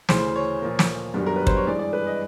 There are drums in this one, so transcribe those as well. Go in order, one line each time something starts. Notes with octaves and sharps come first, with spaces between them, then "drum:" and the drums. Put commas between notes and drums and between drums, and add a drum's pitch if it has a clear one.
D2 C#3 E3 C5, drum: snare
C#5
A#2 F3 A#3
drum: snare
F#2 D#3 G3 B3 D4
A#4
B4
C5, drum: kick
C#5
G2 E3 G#3 D5
D5
B4
D#5